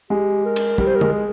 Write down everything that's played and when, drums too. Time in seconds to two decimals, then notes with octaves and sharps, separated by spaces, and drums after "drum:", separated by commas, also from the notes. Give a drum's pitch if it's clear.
0.10 G#3 G4
0.45 A#4
0.56 drum: cymbal
0.78 G3 A#4, drum: kick
0.87 C5
0.96 A#4
1.01 G#3, drum: tom
1.13 G#4